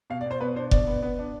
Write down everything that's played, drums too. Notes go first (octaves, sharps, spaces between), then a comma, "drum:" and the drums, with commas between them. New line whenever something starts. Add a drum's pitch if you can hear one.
B2 F5
D5
B2 C5
B2 B4
D4 C5
B2 D5, drum: kick F1
B3
B3
D4